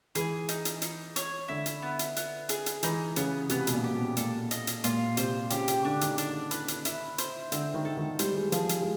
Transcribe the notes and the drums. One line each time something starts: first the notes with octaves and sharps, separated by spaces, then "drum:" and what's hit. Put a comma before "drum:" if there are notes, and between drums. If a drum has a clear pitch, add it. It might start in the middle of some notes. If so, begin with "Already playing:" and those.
E3 G#4, drum: hi-hat
D#4, drum: hi-hat
drum: hi-hat
D#4, drum: hi-hat
C#5, drum: hi-hat
D3 E4
drum: hi-hat
B3
drum: hi-hat
B3, drum: hi-hat
G#4, drum: hi-hat
drum: hi-hat
E3 D#4, drum: hi-hat
C#3 B3, drum: hi-hat
C3 B3, drum: hi-hat
B2, drum: hi-hat
A#2
G4
B2
A#2 A4, drum: hi-hat
D#5, drum: hi-hat
drum: hi-hat
A#2 F4, drum: hi-hat
C3 C5, drum: hi-hat
C#3 G4, drum: hi-hat
drum: hi-hat
D3 D4
D#3, drum: hi-hat
D4, drum: hi-hat
B4, drum: hi-hat
drum: hi-hat
E4, drum: hi-hat
C5, drum: hi-hat
D3 C4, drum: hi-hat
D#3
A4
D#3
G3 C5, drum: hi-hat
G#3
F3 G#4, drum: hi-hat
drum: hi-hat
G#3